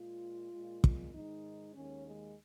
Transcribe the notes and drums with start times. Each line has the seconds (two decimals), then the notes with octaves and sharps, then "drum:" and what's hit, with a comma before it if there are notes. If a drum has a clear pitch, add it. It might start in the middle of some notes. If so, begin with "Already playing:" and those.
Already playing: A#2 G#3 F4
0.53 A#2 G#3
0.84 drum: kick
1.14 G#2 D#3 G#3 D#4
1.75 D#2 D#3 G#3 C#4
2.07 G#3